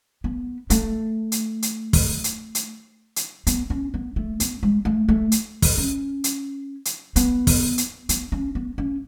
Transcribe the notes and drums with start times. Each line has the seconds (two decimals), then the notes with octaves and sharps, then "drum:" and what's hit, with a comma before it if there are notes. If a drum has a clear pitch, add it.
0.24 B3
0.70 A3, drum: hi-hat
1.32 drum: hi-hat
1.62 drum: hi-hat
1.93 drum: kick, open hi-hat
2.24 drum: hi-hat
2.55 drum: hi-hat
3.16 drum: hi-hat
3.47 B3, drum: hi-hat
3.70 C#4
3.94 B3
4.16 A3
4.40 B3, drum: hi-hat
4.63 G#3
4.85 A3
5.09 A3
5.32 drum: hi-hat
5.62 drum: kick, open hi-hat
5.77 C#4
6.24 drum: hi-hat
6.85 drum: hi-hat
7.16 B3, drum: hi-hat
7.47 drum: kick, open hi-hat
7.78 drum: hi-hat
8.09 B3, drum: hi-hat
8.32 C#4
8.55 B3
8.78 C#4